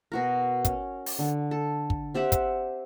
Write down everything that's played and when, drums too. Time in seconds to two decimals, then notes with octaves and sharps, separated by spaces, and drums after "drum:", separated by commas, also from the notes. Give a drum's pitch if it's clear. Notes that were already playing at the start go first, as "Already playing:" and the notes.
0.12 B2 F#4 A#4
0.65 C#4, drum: kick, hi-hat
1.06 drum: open hi-hat
1.19 D3
1.51 A4
1.90 drum: kick
2.14 C4 G4 E5 F#5
2.32 drum: kick, hi-hat